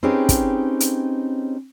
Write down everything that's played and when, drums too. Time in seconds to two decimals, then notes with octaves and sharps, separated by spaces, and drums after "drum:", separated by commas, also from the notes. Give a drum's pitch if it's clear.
0.03 C4 C#4 D#4 G4 G#4 B4
0.29 drum: kick, hi-hat
0.80 drum: hi-hat